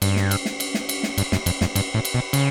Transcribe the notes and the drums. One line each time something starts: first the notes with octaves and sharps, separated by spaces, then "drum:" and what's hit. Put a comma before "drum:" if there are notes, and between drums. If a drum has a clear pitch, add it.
G2, drum: cymbal
drum: snare
drum: cymbal
drum: snare
drum: cymbal
drum: snare
drum: cymbal
drum: snare
G2, drum: cymbal
F#2, drum: snare
F2, drum: cymbal
F2, drum: snare
G2, drum: cymbal
A2
drum: cymbal
B2
C#3, drum: cymbal